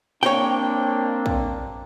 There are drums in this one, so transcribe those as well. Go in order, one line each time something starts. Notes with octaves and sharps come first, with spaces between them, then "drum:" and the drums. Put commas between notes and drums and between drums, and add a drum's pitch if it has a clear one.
A#3 C4 D4 C#5 G5, drum: snare
drum: kick